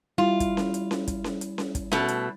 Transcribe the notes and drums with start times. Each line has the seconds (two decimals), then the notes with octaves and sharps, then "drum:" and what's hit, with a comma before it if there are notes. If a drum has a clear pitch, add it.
0.18 G3 E4 F4
0.40 drum: kick, hi-hat
0.57 drum: snare C#4
0.74 drum: hi-hat
0.91 drum: snare C#4
1.08 drum: kick, hi-hat
1.24 drum: snare C#4
1.41 drum: hi-hat
1.58 drum: snare C#4
1.75 drum: kick, hi-hat
1.92 B2 A3, drum: snare C#4
2.08 drum: hi-hat